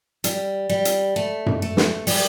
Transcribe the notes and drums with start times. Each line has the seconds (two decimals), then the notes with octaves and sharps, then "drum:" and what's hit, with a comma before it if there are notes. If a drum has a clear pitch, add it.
0.24 G3, drum: hi-hat
0.69 G3
0.85 drum: hi-hat
1.16 A3
1.46 drum: tom F#2
1.62 A3
1.77 drum: snare
2.07 G3, drum: open hi-hat